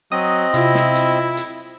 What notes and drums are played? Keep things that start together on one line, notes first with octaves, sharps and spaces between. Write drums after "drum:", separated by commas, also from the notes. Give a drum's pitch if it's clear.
F#3 C4 D#5 D#6
C3 E4 F4, drum: hi-hat
drum: snare
drum: hi-hat
drum: hi-hat